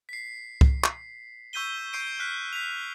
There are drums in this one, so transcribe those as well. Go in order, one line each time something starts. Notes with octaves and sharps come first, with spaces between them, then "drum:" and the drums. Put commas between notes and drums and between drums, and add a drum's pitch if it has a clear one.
B6 C7
drum: kick C2
drum: clap
C#6 E6 G6 B6 D#7 G7
C#6 G6 C7 D7 D#7
F6 F#6 B6
B6 F7